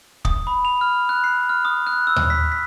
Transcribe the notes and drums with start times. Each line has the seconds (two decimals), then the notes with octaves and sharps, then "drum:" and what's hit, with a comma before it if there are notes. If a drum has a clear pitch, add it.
0.25 D#6, drum: kick
0.47 B5
0.65 F7
0.81 F6
1.09 F#6
1.24 C7
1.49 F6
1.65 D#6
1.87 F#6
2.07 E6
2.16 drum: tom D#2
2.30 B6
2.52 B6